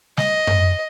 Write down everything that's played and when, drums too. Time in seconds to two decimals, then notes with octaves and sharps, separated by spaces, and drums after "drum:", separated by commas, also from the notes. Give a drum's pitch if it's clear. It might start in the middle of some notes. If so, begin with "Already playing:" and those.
0.17 D#5, drum: snare
0.47 drum: tom F#2